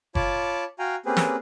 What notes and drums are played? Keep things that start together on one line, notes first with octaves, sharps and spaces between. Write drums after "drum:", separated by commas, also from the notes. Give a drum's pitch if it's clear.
F4 C#5 A5 B5 D6, drum: kick F#1
F#4 F5 G5 G#5 A#5
A#3 C4 C#4 G4 G#4 B4
drum: snare